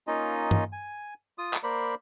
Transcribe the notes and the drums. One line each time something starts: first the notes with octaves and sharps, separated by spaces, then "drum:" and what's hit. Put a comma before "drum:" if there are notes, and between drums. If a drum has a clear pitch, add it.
A#3 C#4 D#4 F4 D#5
drum: tom G2
G#5
F4 D#6
drum: clap
A#3 A#4 C5 D5 B5